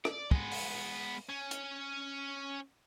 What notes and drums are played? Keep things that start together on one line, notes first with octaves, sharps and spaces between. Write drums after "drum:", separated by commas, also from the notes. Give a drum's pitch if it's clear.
D5, drum: rim click
G#3 B3, drum: kick
drum: open hi-hat
C#4
drum: hi-hat